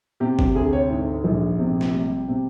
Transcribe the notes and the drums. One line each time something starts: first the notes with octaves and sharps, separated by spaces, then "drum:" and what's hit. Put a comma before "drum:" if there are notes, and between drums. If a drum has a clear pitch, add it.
C3 G4
G4, drum: kick G1
D2 G#4
C#5
G#2
A#1
C3
drum: snare
G3
C3